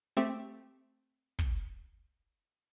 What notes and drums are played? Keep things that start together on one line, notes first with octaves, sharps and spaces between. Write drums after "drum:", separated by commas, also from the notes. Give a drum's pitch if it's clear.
A3 C4 G4 E5
drum: kick